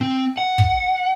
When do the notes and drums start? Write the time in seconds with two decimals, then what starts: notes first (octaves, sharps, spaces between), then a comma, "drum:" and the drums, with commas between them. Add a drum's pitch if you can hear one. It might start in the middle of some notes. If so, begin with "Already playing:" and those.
0.01 C4
0.38 F#5
0.58 drum: kick